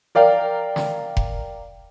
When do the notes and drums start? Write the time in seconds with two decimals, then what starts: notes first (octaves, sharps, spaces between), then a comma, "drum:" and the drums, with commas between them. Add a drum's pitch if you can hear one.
0.15 A#4 D5 F5 G5
0.76 drum: snare
1.17 drum: kick F1